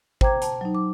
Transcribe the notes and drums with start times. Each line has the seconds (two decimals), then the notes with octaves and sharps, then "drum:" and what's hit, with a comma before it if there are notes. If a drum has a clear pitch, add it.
0.21 C5 G5 A#5 D6 G#6, drum: kick
0.42 A5, drum: hi-hat
0.61 F#3 D#4
0.75 D6